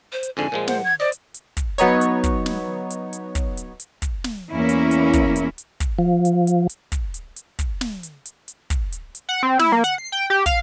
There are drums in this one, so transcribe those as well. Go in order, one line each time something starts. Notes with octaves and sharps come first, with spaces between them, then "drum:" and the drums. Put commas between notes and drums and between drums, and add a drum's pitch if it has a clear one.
C5
drum: hi-hat
F2 G#2 D3 G#5
A#2 F3 G#3
C5 F#5, drum: snare
G#6
C5 D5 D#5
drum: hi-hat
drum: hi-hat
drum: kick, hi-hat
F#3 B3 D#4 C#5, drum: hi-hat
drum: hi-hat
drum: kick, hi-hat
drum: snare
drum: hi-hat
drum: hi-hat
drum: kick, hi-hat
drum: hi-hat
drum: hi-hat
drum: kick, hi-hat
drum: snare
E2 A#3 C#4 E4
drum: hi-hat
drum: hi-hat
drum: kick, hi-hat
drum: hi-hat
drum: hi-hat
drum: kick, hi-hat
F3
drum: hi-hat
drum: hi-hat
drum: hi-hat
drum: kick, hi-hat
drum: hi-hat
drum: hi-hat
drum: kick, hi-hat
drum: snare
drum: hi-hat
drum: hi-hat
drum: hi-hat
drum: kick, hi-hat
drum: hi-hat
drum: hi-hat
F#5
C4
E4, drum: snare
A#3
F#5, drum: hi-hat
C7
G5
G4
F5, drum: kick, hi-hat